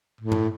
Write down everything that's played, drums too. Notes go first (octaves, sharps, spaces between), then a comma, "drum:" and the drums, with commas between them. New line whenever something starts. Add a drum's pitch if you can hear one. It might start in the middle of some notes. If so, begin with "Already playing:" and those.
A2
drum: tom G2